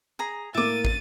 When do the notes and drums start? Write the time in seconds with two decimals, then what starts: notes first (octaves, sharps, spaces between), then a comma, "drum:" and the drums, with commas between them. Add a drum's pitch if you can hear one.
0.19 G#4 A#5
0.54 A2 A#3 E5 D6 A6 D#7
0.85 drum: kick